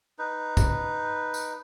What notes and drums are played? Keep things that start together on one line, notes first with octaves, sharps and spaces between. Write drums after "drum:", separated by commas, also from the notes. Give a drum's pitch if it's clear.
D#4 B4
drum: kick, tambourine
drum: tambourine